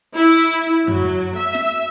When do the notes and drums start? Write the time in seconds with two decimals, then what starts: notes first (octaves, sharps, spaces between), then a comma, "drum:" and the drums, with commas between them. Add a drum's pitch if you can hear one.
0.15 E4
0.87 F#3, drum: tom F#2
1.36 E5
1.54 drum: snare